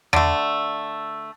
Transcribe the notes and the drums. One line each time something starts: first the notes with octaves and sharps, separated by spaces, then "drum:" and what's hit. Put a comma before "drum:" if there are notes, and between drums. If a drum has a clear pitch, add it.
D3 A3, drum: tom E2